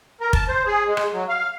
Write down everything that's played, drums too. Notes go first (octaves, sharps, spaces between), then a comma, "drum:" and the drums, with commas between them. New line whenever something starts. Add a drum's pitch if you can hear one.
A#4
A5, drum: kick
C5
G#4
G#3
drum: rim click
F#3
F5